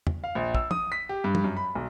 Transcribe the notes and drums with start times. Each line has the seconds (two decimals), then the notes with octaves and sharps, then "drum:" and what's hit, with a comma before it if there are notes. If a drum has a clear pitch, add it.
0.07 drum: tom E2
0.24 F5
0.35 A#1
0.55 E6, drum: kick
0.71 D#6, drum: tom
0.92 B6
1.09 G4
1.24 G2
1.35 drum: tom
1.44 F#2
1.57 B5
1.75 B1